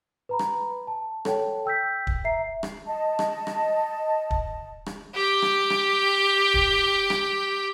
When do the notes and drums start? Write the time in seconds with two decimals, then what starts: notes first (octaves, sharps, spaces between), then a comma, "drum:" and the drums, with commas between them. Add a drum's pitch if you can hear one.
0.29 B4 A#5 B5
0.39 drum: rim click
0.87 A5
1.25 A4 C#5 F#5 G5 A5, drum: rim click
1.65 G5 E6 G6 B6
2.07 drum: kick
2.25 E5 A#5 C7
2.63 drum: rim click
2.86 D#5 A5
3.19 drum: rim click
3.47 drum: rim click
4.31 drum: kick
4.86 drum: rim click
5.14 G4 G5
5.42 drum: rim click
5.70 drum: rim click
6.54 drum: kick
7.10 drum: rim click